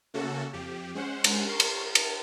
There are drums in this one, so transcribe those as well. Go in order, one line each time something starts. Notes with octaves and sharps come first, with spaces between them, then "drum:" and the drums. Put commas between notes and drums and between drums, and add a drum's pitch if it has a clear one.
C#3 A3 A#3 C#4 F#4 A4
F2 F3 G4
G#3 C#4 C5 F#5
drum: cymbal
A#4 C6 C#6
drum: cymbal
A#4
drum: cymbal